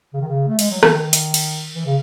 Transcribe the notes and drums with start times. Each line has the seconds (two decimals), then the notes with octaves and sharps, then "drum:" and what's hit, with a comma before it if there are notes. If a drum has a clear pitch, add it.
0.13 C#3
0.21 D#3
0.28 C#3
0.47 A3
0.59 G#3, drum: cymbal
0.71 F#3
0.83 E3, drum: rim click
0.94 D#3
1.13 drum: hi-hat
1.34 drum: cymbal
1.75 E3
1.86 C#3